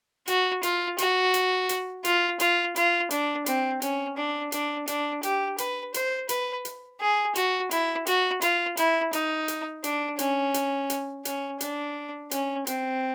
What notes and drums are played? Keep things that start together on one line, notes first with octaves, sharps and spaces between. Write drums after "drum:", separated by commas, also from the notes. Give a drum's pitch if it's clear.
F#4, drum: hi-hat
F4, drum: hi-hat
F#4, drum: hi-hat
drum: hi-hat
drum: hi-hat
F4, drum: hi-hat
F4, drum: hi-hat
F4, drum: hi-hat
D4, drum: hi-hat
C4, drum: hi-hat
C#4, drum: hi-hat
D4
D4, drum: hi-hat
D4, drum: hi-hat
G4, drum: hi-hat
B4, drum: hi-hat
C5, drum: hi-hat
B4, drum: hi-hat
drum: hi-hat
G#4
F#4, drum: hi-hat
E4, drum: hi-hat
F#4, drum: hi-hat
F4, drum: hi-hat
E4, drum: hi-hat
D#4, drum: hi-hat
drum: hi-hat
D4, drum: hi-hat
C#4, drum: hi-hat
drum: hi-hat
drum: hi-hat
C#4, drum: hi-hat
D4, drum: hi-hat
C#4, drum: hi-hat
C4, drum: hi-hat